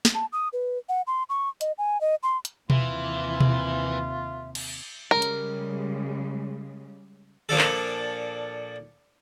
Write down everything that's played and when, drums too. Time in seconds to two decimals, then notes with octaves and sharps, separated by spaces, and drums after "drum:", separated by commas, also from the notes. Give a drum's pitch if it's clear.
0.05 drum: snare
0.15 A5
0.33 D#6
0.53 B4
0.89 F#5
1.07 C6
1.29 C#6
1.61 D#5, drum: hi-hat
1.78 G#5
2.01 D#5
2.23 C6
2.45 drum: hi-hat
2.70 D#2 C3 E3 F4 E5, drum: tom B2
3.41 drum: tom B2
4.55 drum: cymbal
5.11 C#3 G3 G#3 A#4
5.22 drum: hi-hat
7.49 A#2 F3 D4 A4
7.58 drum: clap